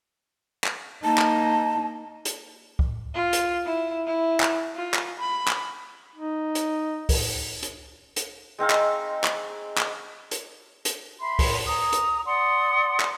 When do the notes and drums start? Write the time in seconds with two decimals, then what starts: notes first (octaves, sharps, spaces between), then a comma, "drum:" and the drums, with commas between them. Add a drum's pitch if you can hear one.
0.64 drum: clap
1.04 A#3 D#4 A5
1.18 drum: clap
2.25 drum: hi-hat
2.79 drum: kick
3.14 F4
3.33 drum: hi-hat
3.65 E4
4.07 E4
4.40 drum: clap
4.76 F4
4.94 drum: clap
5.19 B5
5.48 drum: clap
6.16 D#4
6.55 drum: hi-hat
7.09 drum: kick, open hi-hat
7.63 drum: hi-hat
8.16 drum: hi-hat
8.58 G#3 C4 D#4 F5
8.70 drum: clap
9.24 drum: clap
9.78 drum: clap
10.31 drum: hi-hat
10.85 drum: hi-hat
11.20 E5 B5 C6
11.39 drum: kick, open hi-hat
11.66 A#5 D#6
11.93 drum: hi-hat
12.25 D5 F#5 C6 D#6
13.00 drum: clap